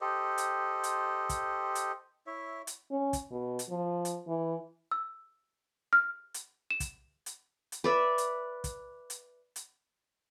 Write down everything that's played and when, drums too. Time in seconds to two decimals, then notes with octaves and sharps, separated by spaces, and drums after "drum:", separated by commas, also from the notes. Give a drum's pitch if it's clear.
0.01 G4 A4 C5 D#5
0.38 drum: hi-hat
0.84 drum: hi-hat
1.29 drum: kick, hi-hat
1.75 drum: hi-hat
2.27 E4 C#5 E5
2.67 drum: hi-hat
2.91 C#4
3.13 drum: kick, hi-hat
3.31 B2
3.59 drum: hi-hat
3.70 F3
4.05 drum: hi-hat
4.28 E3
4.92 E6
5.93 F6
6.34 drum: hi-hat
6.71 E7
6.80 drum: kick, hi-hat
7.26 drum: hi-hat
7.72 drum: hi-hat
7.84 B4 D5 E5
8.18 drum: hi-hat
8.64 drum: kick, hi-hat
9.10 drum: hi-hat
9.56 drum: hi-hat